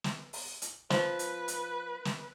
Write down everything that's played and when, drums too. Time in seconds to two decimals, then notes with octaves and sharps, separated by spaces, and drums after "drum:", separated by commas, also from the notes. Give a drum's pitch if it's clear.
0.04 drum: snare
0.33 drum: open hi-hat
0.62 drum: hi-hat
0.90 F3 B4, drum: snare
1.19 drum: hi-hat
1.48 drum: hi-hat
2.05 drum: snare